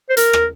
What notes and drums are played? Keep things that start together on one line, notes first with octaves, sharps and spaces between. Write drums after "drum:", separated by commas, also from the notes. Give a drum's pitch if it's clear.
C5
A#4, drum: hi-hat
drum: rim click